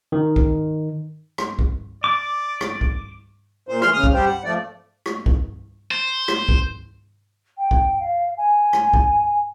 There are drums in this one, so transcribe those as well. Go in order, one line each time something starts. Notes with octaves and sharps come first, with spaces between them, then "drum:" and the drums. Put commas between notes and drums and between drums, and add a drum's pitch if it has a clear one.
D#3
drum: kick
drum: rim click
drum: kick
D5 D6
drum: rim click
drum: kick
A#2 C5
E3 C6 F6, drum: rim click
C#3 D#6 F6
drum: kick
G3 G4 C5
F#5
F3 A3 D5
drum: rim click
drum: kick
C5
drum: rim click
drum: kick
G5
drum: kick
F5
G#5
drum: rim click
drum: kick